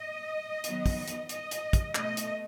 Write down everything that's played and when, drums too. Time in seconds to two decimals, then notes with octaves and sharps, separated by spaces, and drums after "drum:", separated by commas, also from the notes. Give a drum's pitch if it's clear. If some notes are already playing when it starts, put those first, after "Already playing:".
Already playing: D#5
0.64 D#3 F#3 B3, drum: hi-hat
0.86 drum: kick, open hi-hat
1.08 drum: hi-hat
1.29 D#5, drum: hi-hat
1.51 drum: hi-hat
1.73 drum: kick, hi-hat
1.95 B2 A3 D#5, drum: clap
2.17 drum: hi-hat